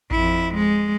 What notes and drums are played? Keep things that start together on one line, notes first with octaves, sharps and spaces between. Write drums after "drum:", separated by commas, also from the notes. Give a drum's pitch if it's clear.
F2 E4, drum: kick A1
G#3